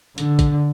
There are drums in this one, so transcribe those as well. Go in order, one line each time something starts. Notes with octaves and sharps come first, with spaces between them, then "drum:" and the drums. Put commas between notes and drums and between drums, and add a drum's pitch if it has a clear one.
D3, drum: hi-hat
drum: kick, hi-hat